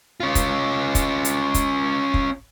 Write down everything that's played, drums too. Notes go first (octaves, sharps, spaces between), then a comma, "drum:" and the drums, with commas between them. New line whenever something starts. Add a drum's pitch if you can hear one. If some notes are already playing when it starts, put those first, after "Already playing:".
C#4 F4
drum: kick, hi-hat
drum: kick, hi-hat
drum: hi-hat
drum: kick, hi-hat
drum: kick